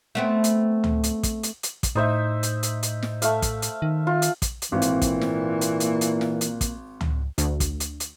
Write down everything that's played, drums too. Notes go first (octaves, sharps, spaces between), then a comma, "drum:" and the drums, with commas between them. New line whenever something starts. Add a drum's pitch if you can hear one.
A3 B3 C4
drum: hi-hat
drum: tom C#2
drum: hi-hat
drum: kick, hi-hat
drum: hi-hat
drum: hi-hat
drum: kick, hi-hat
A2 D#4 C5 E5
drum: hi-hat
drum: hi-hat
drum: hi-hat
drum: snare
A3 E5 F5, drum: hi-hat
drum: kick, hi-hat
drum: hi-hat
D#3
F4
drum: hi-hat
drum: kick, hi-hat
drum: hi-hat
G#1 A#2 E3 C4
drum: hi-hat
drum: kick, hi-hat
drum: snare
drum: hi-hat
A#3, drum: hi-hat
drum: hi-hat
drum: snare
drum: hi-hat
drum: kick, hi-hat
drum: tom C#2
D2, drum: hi-hat
drum: kick, hi-hat
drum: hi-hat
drum: hi-hat